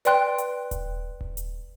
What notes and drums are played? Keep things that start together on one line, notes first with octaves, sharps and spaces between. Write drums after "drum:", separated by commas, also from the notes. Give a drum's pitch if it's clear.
B4 D5 G5 C6 F#6, drum: hi-hat
drum: hi-hat
drum: kick D#1, hi-hat
drum: kick D#1
drum: hi-hat